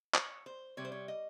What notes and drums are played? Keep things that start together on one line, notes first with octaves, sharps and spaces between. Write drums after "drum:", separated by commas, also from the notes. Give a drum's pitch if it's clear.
C#5, drum: clap
C5
C3 G3 C#5
C5
C#5
D#5